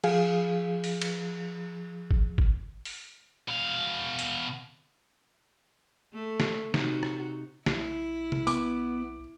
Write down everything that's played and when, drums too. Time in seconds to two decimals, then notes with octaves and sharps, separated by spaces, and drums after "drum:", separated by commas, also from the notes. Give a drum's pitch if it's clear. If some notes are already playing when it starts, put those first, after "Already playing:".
0.04 F3 G#4 F5, drum: cymbal
0.84 drum: open hi-hat
1.02 drum: cymbal
2.11 drum: kick G1
2.38 drum: kick G1
2.85 drum: open hi-hat
3.49 B2 F5
4.19 drum: hi-hat
6.14 A3
6.40 drum: snare
6.74 C3 D#4 F#4, drum: snare
7.03 drum: rim click
7.66 B1 E4, drum: snare
8.32 drum: tom C3
8.47 B3 D6, drum: tambourine